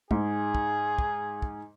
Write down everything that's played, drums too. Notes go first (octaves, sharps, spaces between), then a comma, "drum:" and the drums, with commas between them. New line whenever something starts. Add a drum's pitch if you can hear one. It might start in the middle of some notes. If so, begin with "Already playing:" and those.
G#2 G#4, drum: kick
drum: kick
drum: kick
drum: kick